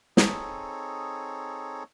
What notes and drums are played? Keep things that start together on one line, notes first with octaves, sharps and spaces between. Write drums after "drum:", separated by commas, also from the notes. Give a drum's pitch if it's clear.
C4 D#4 G#4 A4 C#5, drum: snare